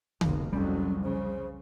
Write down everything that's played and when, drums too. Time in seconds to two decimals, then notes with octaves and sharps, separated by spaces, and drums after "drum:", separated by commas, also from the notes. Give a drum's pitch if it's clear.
0.21 F1 B1 A#3, drum: tom D3
0.53 C2 F2 F#3 G3 C#4
1.03 C#3 C5